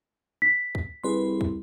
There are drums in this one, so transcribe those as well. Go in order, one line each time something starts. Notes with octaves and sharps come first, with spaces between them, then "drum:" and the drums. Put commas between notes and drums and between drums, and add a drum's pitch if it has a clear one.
B6
drum: kick
C2 G#4 B4 C6
drum: kick